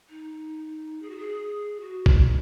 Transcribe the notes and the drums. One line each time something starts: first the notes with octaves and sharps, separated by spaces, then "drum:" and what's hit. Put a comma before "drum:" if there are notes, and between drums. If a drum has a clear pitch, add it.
D#4
G#4
F#4
G#4
F#4
drum: kick B1
F#4
D#4